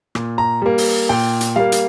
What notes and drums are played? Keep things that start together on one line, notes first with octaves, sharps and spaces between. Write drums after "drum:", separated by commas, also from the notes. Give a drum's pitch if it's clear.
A#2, drum: rim click
A#5
G3 A#3
drum: open hi-hat
A#2 G5
drum: hi-hat
G3 A#3 F5
drum: hi-hat